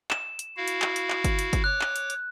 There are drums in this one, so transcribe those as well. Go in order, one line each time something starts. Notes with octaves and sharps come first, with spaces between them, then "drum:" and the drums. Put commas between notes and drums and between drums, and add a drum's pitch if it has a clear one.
E7, drum: clap
drum: hi-hat
E4 F#4 F5
drum: hi-hat
drum: clap
drum: hi-hat
drum: clap
drum: kick G1, hi-hat
drum: hi-hat
drum: kick G1, hi-hat
C#5 D6 F#6
drum: clap
drum: hi-hat
drum: hi-hat